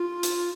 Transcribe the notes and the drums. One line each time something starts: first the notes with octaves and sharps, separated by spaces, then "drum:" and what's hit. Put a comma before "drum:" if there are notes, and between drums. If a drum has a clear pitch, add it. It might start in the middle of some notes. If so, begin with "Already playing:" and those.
Already playing: F4
drum: hi-hat